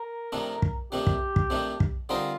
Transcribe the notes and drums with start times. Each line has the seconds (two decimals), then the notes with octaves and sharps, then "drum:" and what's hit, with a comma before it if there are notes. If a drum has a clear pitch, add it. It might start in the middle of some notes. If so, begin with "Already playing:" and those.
Already playing: A#4
0.32 F2 C3 D#3 A3 D4
0.62 drum: kick
0.92 F2 C3 D#3 A3 D4 G4
1.07 drum: kick
1.36 drum: kick
1.50 F2 C3 D#3 A3 D4
1.80 drum: kick
2.09 D3 G3 C4 D#4 F4 A#4